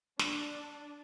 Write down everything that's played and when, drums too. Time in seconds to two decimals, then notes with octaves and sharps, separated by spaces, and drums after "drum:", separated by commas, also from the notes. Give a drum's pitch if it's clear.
0.19 D4, drum: snare